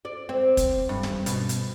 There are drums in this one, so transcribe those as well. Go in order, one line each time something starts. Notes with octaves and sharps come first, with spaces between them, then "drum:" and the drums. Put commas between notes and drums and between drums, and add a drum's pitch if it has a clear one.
D5
C4
drum: kick, hi-hat
G2
drum: snare
B2, drum: hi-hat
drum: hi-hat